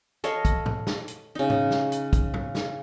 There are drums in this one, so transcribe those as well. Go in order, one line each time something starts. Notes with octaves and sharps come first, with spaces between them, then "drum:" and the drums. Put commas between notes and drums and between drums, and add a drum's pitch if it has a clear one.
A4 C#5 D#5 F5, drum: hi-hat
drum: kick, hi-hat
drum: tom G#2
drum: snare
drum: hi-hat
C#3 D#4
drum: tom G#2
drum: snare
drum: hi-hat
drum: kick, hi-hat
drum: tom G#2
drum: snare